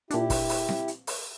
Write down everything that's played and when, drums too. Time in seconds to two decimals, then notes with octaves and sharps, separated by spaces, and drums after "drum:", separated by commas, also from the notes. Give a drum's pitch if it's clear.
0.11 A#2 D4 E4 G4, drum: hi-hat
0.30 drum: kick, open hi-hat
0.49 drum: open hi-hat
0.69 drum: snare C4
0.88 drum: hi-hat
1.07 drum: open hi-hat